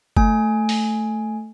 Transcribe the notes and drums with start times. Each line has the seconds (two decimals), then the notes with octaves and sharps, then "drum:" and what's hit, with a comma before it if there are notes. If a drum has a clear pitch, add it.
0.17 A3 G#5, drum: kick
0.69 drum: open hi-hat